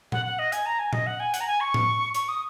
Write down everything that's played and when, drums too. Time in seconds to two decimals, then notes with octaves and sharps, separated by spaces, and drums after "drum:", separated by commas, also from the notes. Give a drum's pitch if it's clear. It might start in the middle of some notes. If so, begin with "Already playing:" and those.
0.12 F#5, drum: tom A#2
0.26 F#5
0.39 D#5
0.52 G#5, drum: hi-hat
0.66 A#5
0.79 G#5
0.93 D#5, drum: tom A#2
1.07 F#5
1.20 G#5
1.34 F#5, drum: hi-hat
1.41 A#5
1.47 G#5
1.61 C#6
1.74 drum: tom A2
2.14 C#6, drum: hi-hat
2.29 D#6